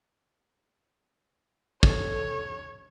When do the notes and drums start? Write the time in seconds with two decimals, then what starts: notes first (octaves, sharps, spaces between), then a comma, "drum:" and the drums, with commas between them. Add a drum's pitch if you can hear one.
1.83 A4 C#5, drum: kick